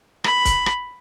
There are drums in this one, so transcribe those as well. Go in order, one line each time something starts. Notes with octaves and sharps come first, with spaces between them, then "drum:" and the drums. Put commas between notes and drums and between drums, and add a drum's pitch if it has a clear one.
B5, drum: rim click
drum: kick, hi-hat
drum: rim click